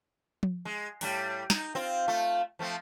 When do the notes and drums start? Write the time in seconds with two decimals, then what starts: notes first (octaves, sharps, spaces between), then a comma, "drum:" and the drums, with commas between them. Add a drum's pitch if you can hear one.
0.43 drum: tom F3
0.65 G#3
1.01 A2 G3, drum: open hi-hat
1.50 D#4, drum: snare
1.75 C4 F4
2.08 A3 F4
2.59 F3 A3 C4